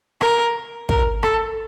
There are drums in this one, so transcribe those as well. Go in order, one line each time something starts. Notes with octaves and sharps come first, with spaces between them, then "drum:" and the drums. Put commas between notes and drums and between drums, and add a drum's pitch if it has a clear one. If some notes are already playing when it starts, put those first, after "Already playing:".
A#4, drum: rim click
A#4, drum: kick
A4, drum: rim click